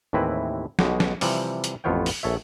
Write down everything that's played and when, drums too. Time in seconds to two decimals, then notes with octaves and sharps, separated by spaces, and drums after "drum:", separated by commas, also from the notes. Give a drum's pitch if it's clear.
0.13 D#2 A2 E3 C4 E4 B4
0.79 B1 B2 G#3 G4, drum: snare
1.00 drum: snare
1.21 C3 E3 F3 G3, drum: open hi-hat
1.64 drum: hi-hat
1.84 A1 F2 B3 F4 C#5 G5
2.06 drum: open hi-hat
2.23 A#1 A4 C#5 E5